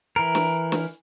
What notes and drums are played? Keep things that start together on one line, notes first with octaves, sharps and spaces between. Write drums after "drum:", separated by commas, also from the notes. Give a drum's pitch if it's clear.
E3 A#4
drum: snare
drum: snare